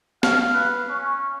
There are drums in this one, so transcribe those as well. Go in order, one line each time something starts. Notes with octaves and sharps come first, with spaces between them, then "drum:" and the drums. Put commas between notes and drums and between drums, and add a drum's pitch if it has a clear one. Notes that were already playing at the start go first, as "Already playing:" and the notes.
F5, drum: snare
B4
C#4